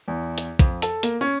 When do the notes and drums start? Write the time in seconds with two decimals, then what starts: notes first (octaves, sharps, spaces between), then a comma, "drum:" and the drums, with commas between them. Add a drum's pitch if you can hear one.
0.08 E2
0.38 drum: hi-hat
0.59 F2, drum: kick, hi-hat
0.82 A4, drum: hi-hat
1.03 A#3, drum: hi-hat
1.21 C#4